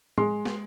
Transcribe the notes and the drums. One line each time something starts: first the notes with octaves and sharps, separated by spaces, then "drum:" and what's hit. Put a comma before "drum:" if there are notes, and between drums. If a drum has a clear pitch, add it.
G#3 C6, drum: tom A2
drum: snare